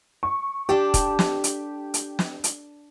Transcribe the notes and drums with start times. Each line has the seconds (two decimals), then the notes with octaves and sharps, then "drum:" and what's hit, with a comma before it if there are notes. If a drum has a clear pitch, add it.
0.23 C#6
0.69 D4 G4 A4 D5
0.94 drum: kick, hi-hat
1.19 drum: snare
1.44 drum: hi-hat
1.94 drum: hi-hat
2.19 drum: snare
2.44 drum: hi-hat